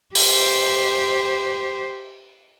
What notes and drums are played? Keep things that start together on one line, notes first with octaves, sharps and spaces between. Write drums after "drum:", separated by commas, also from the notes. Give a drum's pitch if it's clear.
G4 C5, drum: open hi-hat